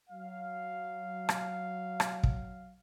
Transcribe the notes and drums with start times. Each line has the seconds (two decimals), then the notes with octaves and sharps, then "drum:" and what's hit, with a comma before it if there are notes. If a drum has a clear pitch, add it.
0.10 F#3 F5
1.29 drum: rim click
2.00 drum: rim click
2.23 drum: kick